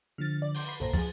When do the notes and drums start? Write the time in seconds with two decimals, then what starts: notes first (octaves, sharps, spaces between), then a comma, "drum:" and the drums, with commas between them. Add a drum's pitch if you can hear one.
0.18 D3 F3 F6 A6
0.42 D5
0.54 C6 D6 G6, drum: open hi-hat
0.68 B5 C7
0.80 B1 G2 A#2 A4 C5 A#5
0.93 F3 G#4 A6, drum: kick, open hi-hat